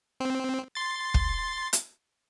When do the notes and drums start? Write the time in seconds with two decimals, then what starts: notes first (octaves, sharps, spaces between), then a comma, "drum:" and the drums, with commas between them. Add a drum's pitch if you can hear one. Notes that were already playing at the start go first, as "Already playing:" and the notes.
0.20 C4
0.75 C6 A6
1.14 drum: kick
1.73 drum: hi-hat